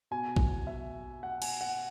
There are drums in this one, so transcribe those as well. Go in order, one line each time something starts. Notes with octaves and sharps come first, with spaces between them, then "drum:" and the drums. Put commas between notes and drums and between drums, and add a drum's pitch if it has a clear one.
B2 G#5
drum: kick A1
E5
F#5
G#5, drum: cymbal
F#5